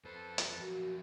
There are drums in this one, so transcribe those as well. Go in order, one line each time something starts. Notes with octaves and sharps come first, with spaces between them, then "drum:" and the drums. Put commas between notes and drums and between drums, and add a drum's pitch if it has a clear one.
F2 A4 B4 C5 A5
drum: hi-hat
F3 F#3 F#4 A#4